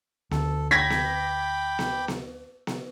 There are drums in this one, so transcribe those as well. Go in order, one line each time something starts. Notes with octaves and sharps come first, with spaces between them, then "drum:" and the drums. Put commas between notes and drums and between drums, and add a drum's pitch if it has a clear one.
D2 A4, drum: snare B3
G5 B5 D6 G#6 A#6 B6
drum: snare B3
drum: snare B3
drum: snare B3
drum: snare B3